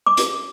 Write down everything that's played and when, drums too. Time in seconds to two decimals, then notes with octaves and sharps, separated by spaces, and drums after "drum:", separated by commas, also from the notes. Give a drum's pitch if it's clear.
0.06 D6
0.17 drum: hi-hat